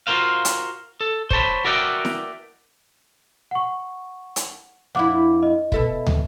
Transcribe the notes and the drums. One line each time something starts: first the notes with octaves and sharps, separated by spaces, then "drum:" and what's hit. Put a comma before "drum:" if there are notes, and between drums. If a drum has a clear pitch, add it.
F4 F#4 A4 A#4 C5 F5
drum: hi-hat
A4
C5 C#5 A5 B5, drum: kick
F#4 A#4 D5 E5 F#5 G5
drum: snare E4
F#5 C#6
drum: hi-hat
F2 D4 E4 F#5 D6
D#5
B2 A4 E5, drum: kick
drum: tom